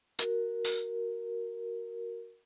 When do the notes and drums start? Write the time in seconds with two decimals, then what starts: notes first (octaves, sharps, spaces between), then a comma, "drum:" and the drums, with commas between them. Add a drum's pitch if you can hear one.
0.19 F#4 A#4, drum: hi-hat
0.64 drum: open hi-hat